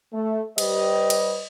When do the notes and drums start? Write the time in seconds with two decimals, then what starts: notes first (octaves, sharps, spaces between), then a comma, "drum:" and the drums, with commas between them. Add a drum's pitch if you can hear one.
0.13 A3
0.58 G3 G4 B4 C5 D#5, drum: cymbal
1.10 drum: cymbal